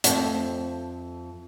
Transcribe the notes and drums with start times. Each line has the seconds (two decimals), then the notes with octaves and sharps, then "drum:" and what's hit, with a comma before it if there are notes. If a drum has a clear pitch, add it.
0.04 F2 A3 C4, drum: hi-hat